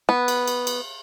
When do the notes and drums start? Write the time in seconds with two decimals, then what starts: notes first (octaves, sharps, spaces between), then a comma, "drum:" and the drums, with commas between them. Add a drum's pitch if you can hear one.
0.09 B3
0.28 drum: cymbal
0.48 drum: cymbal
0.67 drum: cymbal